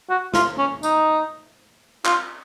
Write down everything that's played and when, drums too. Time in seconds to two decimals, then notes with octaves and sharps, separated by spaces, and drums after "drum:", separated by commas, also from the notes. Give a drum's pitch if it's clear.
0.10 F#4
0.34 F4, drum: snare
0.58 C#4
0.83 D#4, drum: tambourine
2.05 F4, drum: clap